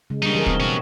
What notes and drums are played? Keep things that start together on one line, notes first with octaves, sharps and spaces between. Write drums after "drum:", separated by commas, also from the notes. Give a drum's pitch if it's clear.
C#3 G#3
B2 G3 A#3 D4 D#4
E3 G#4 A#4
C4, drum: kick
B2 C#4 F#4